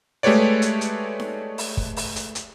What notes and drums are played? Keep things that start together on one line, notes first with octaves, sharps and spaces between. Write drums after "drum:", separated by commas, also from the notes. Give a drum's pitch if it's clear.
G#3 A3 G4 B4 C#5 D5
drum: hi-hat
drum: hi-hat
drum: snare D#4
drum: open hi-hat
drum: kick
drum: open hi-hat
drum: hi-hat
drum: hi-hat